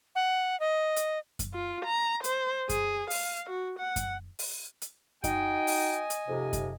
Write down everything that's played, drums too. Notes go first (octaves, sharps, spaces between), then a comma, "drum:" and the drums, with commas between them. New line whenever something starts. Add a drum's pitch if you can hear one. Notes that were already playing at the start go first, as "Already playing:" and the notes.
F#5
D#5
drum: hi-hat
drum: kick F#2, hi-hat
F4
A#5
C5, drum: hi-hat
G#4, drum: kick F#2, hi-hat
F5, drum: open hi-hat
F#4
F#5
drum: kick F#2, hi-hat
drum: open hi-hat
drum: hi-hat
D#4 F#4 D#5 G5 G#5, drum: kick F#2, hi-hat
drum: open hi-hat
drum: hi-hat
F2 G#2 C3
drum: kick F#2, hi-hat